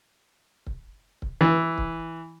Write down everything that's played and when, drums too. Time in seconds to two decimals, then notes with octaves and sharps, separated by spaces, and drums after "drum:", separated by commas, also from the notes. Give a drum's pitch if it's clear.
0.67 drum: kick C#1
1.22 drum: kick C#1
1.41 E3
1.78 drum: kick C#1